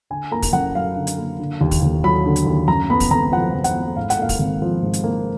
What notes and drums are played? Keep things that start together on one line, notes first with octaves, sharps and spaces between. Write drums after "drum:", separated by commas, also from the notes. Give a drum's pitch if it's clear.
D3 G#5
A#3 A#5
drum: kick, open hi-hat
F#2 F#5
F#3 F5
D3
drum: hi-hat
A#3
D3
D#2
drum: kick, open hi-hat
D#2
F#3 B5
D3
drum: hi-hat
D#2
F#2 A#5
B3 B5
drum: kick, open hi-hat
G#1 A#5
F3 F#5
F#2
F#5, drum: hi-hat
B3
G#2 F5
F#5, drum: hi-hat
A#3 F5
drum: kick, open hi-hat
G#1
F3
G#2
drum: hi-hat
A#3